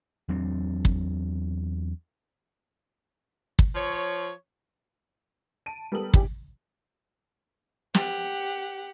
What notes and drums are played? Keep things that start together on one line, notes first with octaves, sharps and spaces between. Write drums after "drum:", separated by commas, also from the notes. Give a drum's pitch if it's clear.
E2 F#3 C4 D4
drum: kick
drum: kick
F3 C#5
A5 D7 D#7
G3 B3 A4 A#4 D#6 F#7
F#1 G4 G#5, drum: kick
G4 F#5, drum: snare